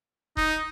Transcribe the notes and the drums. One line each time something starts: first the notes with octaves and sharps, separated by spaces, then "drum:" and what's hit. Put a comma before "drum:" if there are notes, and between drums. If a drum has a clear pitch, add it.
D#4, drum: kick E1